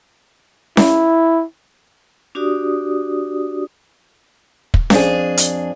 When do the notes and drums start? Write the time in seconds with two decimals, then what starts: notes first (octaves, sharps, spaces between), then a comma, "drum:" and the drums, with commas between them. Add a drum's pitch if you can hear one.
0.77 E4, drum: snare C#4
2.35 D4 F#4 G4 D5 D#6
4.74 drum: kick
4.90 F2 D4 G#4, drum: snare C#4
5.37 drum: hi-hat